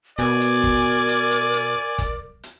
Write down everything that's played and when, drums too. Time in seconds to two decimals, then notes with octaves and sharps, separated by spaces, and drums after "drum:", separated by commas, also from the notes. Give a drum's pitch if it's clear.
0.19 B2 A#4 D5 G#5, drum: hi-hat
0.41 drum: hi-hat
0.64 drum: kick
1.08 drum: hi-hat
1.31 drum: hi-hat
1.53 drum: hi-hat
1.98 drum: kick, hi-hat
2.43 drum: hi-hat